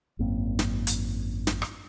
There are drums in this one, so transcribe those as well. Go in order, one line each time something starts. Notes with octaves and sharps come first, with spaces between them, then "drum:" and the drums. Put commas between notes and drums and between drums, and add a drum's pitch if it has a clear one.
G#1 F#2 A#3 C4
drum: snare
drum: hi-hat
drum: snare
drum: rim click